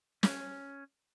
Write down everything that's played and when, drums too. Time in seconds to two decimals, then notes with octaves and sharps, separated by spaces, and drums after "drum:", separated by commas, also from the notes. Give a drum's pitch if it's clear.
0.23 C#4, drum: snare